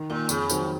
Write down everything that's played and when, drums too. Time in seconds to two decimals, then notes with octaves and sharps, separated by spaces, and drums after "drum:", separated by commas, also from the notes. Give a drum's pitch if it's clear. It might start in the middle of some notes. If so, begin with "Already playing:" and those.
Already playing: D#3
0.10 A#2 A#3 F4
0.29 F2 C#3, drum: tambourine
0.50 D#3 F#3 C4, drum: tambourine